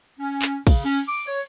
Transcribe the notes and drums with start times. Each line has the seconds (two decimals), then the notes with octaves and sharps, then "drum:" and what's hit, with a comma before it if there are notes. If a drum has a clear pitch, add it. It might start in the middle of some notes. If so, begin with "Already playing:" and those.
0.19 C#4
0.42 drum: clap
0.67 C#3, drum: kick, cymbal
0.84 C#4
1.07 D6
1.26 C#5